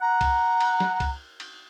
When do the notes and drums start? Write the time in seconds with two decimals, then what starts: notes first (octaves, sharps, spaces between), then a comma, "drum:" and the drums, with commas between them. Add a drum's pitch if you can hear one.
0.01 F#5 A#5
0.21 drum: kick C2, cymbal
0.61 drum: cymbal
0.80 drum: snare
1.00 drum: kick C2, cymbal
1.40 drum: cymbal